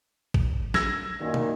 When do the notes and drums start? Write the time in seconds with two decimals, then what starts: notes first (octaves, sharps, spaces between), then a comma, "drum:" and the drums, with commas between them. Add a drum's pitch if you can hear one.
0.34 drum: kick A1
0.74 E6 G#6 A#6, drum: snare
1.20 F#2 A#2 D#3
1.34 drum: tom